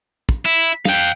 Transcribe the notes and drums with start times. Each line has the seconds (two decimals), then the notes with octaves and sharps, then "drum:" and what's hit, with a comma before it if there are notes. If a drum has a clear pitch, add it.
0.29 drum: kick
0.45 E4
0.85 F5 G5, drum: snare